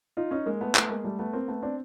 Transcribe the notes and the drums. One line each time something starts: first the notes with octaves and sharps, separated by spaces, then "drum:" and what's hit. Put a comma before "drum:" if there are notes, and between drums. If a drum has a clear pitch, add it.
D#4 F4
C#4 D#4
G#3 A#3
A3 B3
A3 B3, drum: clap
G#3 A#3
G3 A3
A3 B3
A#3 C4
A3 B3
C4 D4